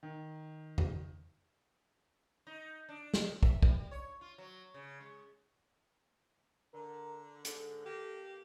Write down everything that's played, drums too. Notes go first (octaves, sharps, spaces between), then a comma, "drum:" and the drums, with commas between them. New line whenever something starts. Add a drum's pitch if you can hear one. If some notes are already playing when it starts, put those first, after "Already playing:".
D#3
drum: tom E2
D#4
D4
drum: snare
F#2
E5, drum: kick
G3, drum: kick
C#5
F4
F#3
C#3
G#3
D3 A#4
G#2 D3 A4, drum: hi-hat
A#3 G4